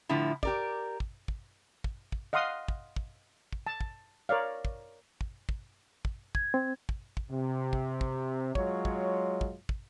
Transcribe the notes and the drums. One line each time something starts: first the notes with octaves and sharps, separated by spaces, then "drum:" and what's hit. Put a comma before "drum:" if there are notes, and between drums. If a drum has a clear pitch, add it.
A2 D3 F3 E4
G4 A#4 D5, drum: kick
drum: kick
drum: kick
drum: kick
drum: kick
D#5 F5 F#5 C6 D#6
drum: kick
drum: kick
drum: kick
A5
drum: kick
A#4 C#5 D5 F5
drum: kick
drum: kick
drum: kick
drum: kick
G#6, drum: kick
C4
drum: kick
drum: kick
C3
drum: kick
drum: kick
F#3 G#3 F4 C#5, drum: kick
drum: kick
drum: kick
drum: kick